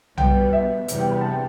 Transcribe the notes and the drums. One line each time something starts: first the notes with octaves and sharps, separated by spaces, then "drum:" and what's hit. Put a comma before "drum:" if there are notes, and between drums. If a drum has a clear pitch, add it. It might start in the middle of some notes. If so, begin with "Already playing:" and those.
B2 G3 B3 G5, drum: tom B1
E5
E2 C3 G3 B3, drum: hi-hat
G5
B5
A5
G5